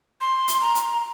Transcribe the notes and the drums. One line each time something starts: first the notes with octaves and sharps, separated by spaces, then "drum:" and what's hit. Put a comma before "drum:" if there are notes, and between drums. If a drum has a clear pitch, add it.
C6
drum: hi-hat
A#5
drum: hi-hat